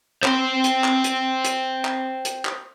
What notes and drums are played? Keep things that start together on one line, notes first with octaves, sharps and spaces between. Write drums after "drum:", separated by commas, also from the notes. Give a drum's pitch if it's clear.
C5 G5, drum: clap
drum: hi-hat
drum: clap
drum: hi-hat
drum: hi-hat
drum: clap
drum: hi-hat
drum: clap